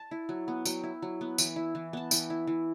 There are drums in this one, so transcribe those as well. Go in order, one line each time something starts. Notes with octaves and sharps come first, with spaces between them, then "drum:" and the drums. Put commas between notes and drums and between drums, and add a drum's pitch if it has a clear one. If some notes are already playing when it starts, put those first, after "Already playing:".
Already playing: A5
E4
F#3
B3
F#3 G5, drum: tambourine
E4
F#3
B3
E3, drum: tambourine
E4
E3
B3 A5
E3 G5, drum: tambourine
E4
E3